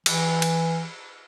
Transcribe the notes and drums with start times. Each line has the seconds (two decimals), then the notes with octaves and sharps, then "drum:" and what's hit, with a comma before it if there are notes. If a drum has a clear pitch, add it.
0.06 E3, drum: cymbal
0.42 drum: cymbal